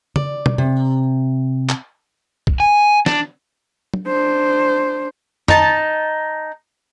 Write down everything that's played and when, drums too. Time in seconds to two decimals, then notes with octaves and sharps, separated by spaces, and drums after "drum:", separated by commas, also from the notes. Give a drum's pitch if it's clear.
0.16 D5, drum: tom C#3
0.46 drum: tom
0.58 C3
1.69 drum: clap
2.47 drum: kick
2.60 G#5
3.06 D4, drum: snare
3.94 drum: tom F#3
4.07 D4 C5
5.48 D#4 A5, drum: tom